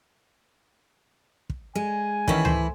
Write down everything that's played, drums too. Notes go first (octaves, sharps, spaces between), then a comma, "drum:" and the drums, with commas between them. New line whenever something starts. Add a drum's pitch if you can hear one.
drum: kick
G#3 G#5
D#3 E3 A3 C#4 E4, drum: kick
A3 C5, drum: tom C#2